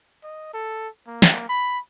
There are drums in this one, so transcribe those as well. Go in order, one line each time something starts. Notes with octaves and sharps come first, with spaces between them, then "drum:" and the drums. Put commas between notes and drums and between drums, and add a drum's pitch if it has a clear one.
D#5
A4
A#3
drum: snare
B5